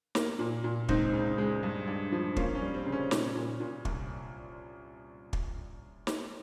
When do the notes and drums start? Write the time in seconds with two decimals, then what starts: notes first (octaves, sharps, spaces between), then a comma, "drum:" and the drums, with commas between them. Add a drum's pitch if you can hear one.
0.15 A#3, drum: snare
0.39 A#2
0.64 A#2
0.89 C#2 C4 D#4, drum: kick
1.13 C#3
1.38 G#3
1.63 G2
1.87 G2
2.12 F3
2.36 A#3 C#4 F4, drum: kick
2.55 C#4
2.61 G3
2.74 C4
2.86 C#3
2.92 C#4
3.11 A#2, drum: snare
3.35 A#2
3.60 A#2
3.85 C2, drum: kick
5.33 drum: kick
6.07 drum: snare